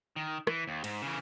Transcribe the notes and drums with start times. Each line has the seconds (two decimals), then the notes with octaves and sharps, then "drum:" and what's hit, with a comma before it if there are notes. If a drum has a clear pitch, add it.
0.16 D#3
0.47 E3, drum: rim click
0.67 D#2
0.84 G#2, drum: cymbal
1.02 C#3 E3